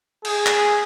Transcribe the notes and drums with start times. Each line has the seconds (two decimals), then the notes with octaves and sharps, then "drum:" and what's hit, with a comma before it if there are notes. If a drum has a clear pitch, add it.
0.25 G#4, drum: cymbal
0.46 drum: clap